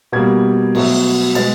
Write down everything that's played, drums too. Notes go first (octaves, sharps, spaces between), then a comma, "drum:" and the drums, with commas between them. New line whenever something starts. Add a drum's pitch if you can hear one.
B2 G3 A#3 G#6
B2 F#3 A3, drum: cymbal
B2 G#3 B3 A6, drum: cymbal